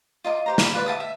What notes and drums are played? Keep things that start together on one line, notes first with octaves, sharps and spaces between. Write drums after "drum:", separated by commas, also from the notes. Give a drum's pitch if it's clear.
F4 D#5 A5 D6
G4 C5 A#5
B5, drum: snare
F4 B4 D5
E5 G5 A5 D#6
E5